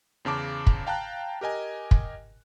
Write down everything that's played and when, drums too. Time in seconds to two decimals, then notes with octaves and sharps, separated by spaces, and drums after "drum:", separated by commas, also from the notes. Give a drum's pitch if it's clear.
0.25 E2 C#3 A5 D6
0.67 drum: kick
0.87 F5 G5 A5 A#5 F#6
1.41 G4 A#4 D#5 G#5
1.91 drum: kick